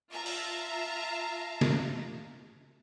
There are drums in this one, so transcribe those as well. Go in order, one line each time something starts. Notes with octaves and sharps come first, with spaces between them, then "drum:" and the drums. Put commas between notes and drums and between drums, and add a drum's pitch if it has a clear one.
F4 E5 F5 A5 A#5
drum: open hi-hat
drum: snare